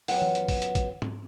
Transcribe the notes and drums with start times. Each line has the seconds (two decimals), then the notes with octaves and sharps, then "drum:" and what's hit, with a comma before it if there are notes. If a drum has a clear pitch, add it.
0.08 F#2 F#3 B3 F4 F#5, drum: open hi-hat
0.22 drum: tom E3
0.35 drum: hi-hat
0.48 drum: kick, open hi-hat
0.62 drum: hi-hat
0.75 drum: kick, hi-hat
1.02 drum: tom G#2